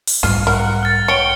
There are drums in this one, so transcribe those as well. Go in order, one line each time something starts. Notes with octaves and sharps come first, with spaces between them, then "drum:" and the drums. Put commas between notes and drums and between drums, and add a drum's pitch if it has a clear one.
drum: open hi-hat
B1 G#2 G3 F4 F6
A#4 F#5
F6 A6
C#5 G5 C#7 D7 G7